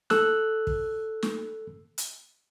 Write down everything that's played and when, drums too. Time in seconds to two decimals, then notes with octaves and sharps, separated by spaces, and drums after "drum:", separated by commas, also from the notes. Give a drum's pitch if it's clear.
0.10 A4 E6 F#6, drum: snare
0.67 drum: kick
1.22 drum: snare
1.98 drum: hi-hat